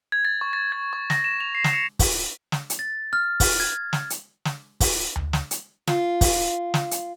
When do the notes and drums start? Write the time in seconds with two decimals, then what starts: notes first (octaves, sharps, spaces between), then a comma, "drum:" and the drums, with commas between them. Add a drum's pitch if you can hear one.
0.12 G#6
0.25 A6
0.41 C#6
0.53 A6
0.72 G#6
0.93 C#6
1.10 A#6, drum: snare
1.24 E7
1.40 F7
1.55 C7
1.64 drum: snare
1.73 C#7
1.99 drum: kick, open hi-hat
2.52 drum: snare
2.70 drum: hi-hat
2.79 A6
3.13 F6
3.40 drum: kick, open hi-hat
3.60 G#6
3.93 drum: snare
4.10 drum: hi-hat
4.45 drum: snare
4.80 drum: kick, open hi-hat
5.16 drum: tom D2
5.33 drum: snare
5.51 drum: hi-hat
5.87 F4, drum: snare
6.21 drum: kick, open hi-hat
6.74 drum: snare
6.91 drum: hi-hat